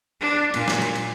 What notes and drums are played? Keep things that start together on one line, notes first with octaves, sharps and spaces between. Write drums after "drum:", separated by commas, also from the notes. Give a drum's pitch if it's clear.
D4
A#2, drum: cymbal
drum: snare
drum: cymbal
drum: cymbal